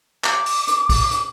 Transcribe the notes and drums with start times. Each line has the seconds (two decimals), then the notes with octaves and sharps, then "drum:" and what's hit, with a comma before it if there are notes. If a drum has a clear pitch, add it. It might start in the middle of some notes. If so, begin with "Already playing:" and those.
0.24 D6, drum: clap
0.46 drum: open hi-hat
0.68 drum: hi-hat
0.89 drum: kick, open hi-hat
1.11 drum: hi-hat